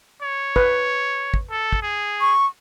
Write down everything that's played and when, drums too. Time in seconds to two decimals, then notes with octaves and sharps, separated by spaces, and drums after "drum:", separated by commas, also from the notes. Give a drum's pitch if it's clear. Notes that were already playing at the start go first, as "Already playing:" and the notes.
0.23 C#5
0.56 B4, drum: kick
1.34 drum: kick
1.51 A4
1.73 drum: kick
1.82 G#4
2.21 C#6